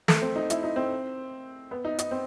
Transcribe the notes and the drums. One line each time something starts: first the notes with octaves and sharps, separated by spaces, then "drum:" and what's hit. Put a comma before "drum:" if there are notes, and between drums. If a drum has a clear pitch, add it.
A3, drum: snare
C4
D#4
E4, drum: hi-hat
D#4
C4
B3
D#4
D#4, drum: hi-hat
C4